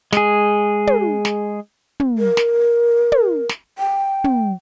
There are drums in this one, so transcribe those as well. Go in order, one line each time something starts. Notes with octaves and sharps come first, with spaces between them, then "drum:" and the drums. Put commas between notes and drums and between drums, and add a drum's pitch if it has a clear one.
G#3 G#4, drum: snare
drum: tom
drum: snare
drum: tom
A#4
drum: snare
drum: tom
drum: snare
G5
drum: tom